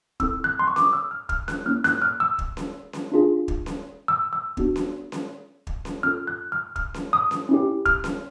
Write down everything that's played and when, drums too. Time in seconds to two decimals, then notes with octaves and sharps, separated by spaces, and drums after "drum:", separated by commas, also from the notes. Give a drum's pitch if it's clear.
0.20 C4 E4 A4 E6, drum: kick
0.44 F#6
0.59 C6
0.67 C#6
0.76 D6, drum: snare C#4
0.84 D#6
0.93 E6
1.11 F6
1.29 F6, drum: kick
1.48 F#6, drum: snare C#4
1.66 A#3 C#4 E4 F6
1.84 F#6, drum: snare C#4
2.02 F6
2.20 E6
2.39 drum: kick
2.57 drum: snare C#4
2.93 drum: snare C#4
3.12 D4 F4 G#4
3.48 drum: kick
3.66 drum: snare C#4
4.08 E6
4.33 E6
4.57 B3 D4 F#4, drum: kick
4.76 drum: snare C#4
5.12 drum: snare C#4
5.67 drum: kick
5.85 drum: snare C#4
6.03 C#4 F4 A4 F6
6.27 F#6
6.52 F6
6.76 F6, drum: kick
6.94 drum: snare C#4
7.13 D#6
7.31 drum: snare C#4
7.49 C#4 E4 G4
7.86 F6, drum: kick
8.04 drum: snare C#4